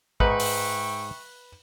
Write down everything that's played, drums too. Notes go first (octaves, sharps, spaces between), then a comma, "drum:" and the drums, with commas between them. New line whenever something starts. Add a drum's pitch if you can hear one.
G#2 D#4 B4 E5 G5 C#6, drum: kick
drum: open hi-hat